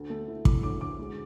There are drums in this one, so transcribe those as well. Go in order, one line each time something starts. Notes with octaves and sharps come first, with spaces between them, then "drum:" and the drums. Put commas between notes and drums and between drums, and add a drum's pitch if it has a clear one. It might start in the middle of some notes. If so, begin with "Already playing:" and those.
Already playing: D2
A3
E4
E4 D6, drum: kick
D2 D6
D2 D6
G#3